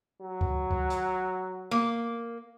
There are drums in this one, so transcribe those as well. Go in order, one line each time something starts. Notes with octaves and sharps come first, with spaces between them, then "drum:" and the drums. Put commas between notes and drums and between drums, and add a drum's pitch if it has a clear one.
F#3
drum: kick C#2
drum: kick C#2
drum: hi-hat
A#3